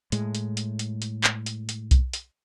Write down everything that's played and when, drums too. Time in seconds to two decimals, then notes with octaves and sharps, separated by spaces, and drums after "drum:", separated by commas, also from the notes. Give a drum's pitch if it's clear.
0.12 A2 G#3, drum: hi-hat
0.35 drum: hi-hat
0.57 drum: hi-hat
0.79 drum: hi-hat
1.02 drum: hi-hat
1.24 drum: clap
1.46 drum: hi-hat
1.69 drum: hi-hat
1.91 drum: kick B1, hi-hat
2.13 drum: hi-hat